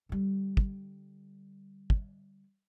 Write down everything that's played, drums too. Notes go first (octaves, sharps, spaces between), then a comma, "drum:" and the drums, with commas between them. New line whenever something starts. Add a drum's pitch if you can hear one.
D3 G3
drum: kick
drum: kick